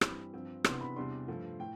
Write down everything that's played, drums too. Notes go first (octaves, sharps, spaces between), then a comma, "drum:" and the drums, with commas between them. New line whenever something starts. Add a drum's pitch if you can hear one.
G2 E3 G3 C4 B5, drum: rim click
G2 F3 C4
C3 E3 B3 D4 C6, drum: rim click
B5
E2 C3 G3 D4 C6
G2 F3 A3
A2 G5